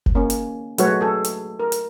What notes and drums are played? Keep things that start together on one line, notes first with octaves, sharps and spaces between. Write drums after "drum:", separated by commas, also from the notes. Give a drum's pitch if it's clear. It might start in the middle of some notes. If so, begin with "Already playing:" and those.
drum: kick F#1
A#3 C#4
drum: hi-hat
F#3 G#3 A3 F#4 B4 C#5, drum: hi-hat
G#4 A4
drum: hi-hat
A#4
drum: hi-hat